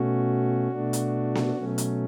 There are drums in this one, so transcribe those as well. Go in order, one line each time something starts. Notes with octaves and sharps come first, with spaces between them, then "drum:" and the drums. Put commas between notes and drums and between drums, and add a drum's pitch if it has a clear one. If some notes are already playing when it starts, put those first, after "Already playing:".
Already playing: B2 A3 C#4 F#4
B2 A3 D4
drum: hi-hat
drum: snare B3
B2 F#3 A3 C#4
drum: hi-hat